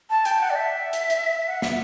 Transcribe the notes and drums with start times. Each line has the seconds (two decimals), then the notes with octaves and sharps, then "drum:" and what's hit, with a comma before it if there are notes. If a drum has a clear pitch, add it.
0.10 A5
0.25 G5, drum: hi-hat
0.36 G5
0.40 F#5
0.50 D5
0.56 E5
0.93 drum: hi-hat
1.10 drum: hi-hat
1.47 F#5
1.62 E5, drum: snare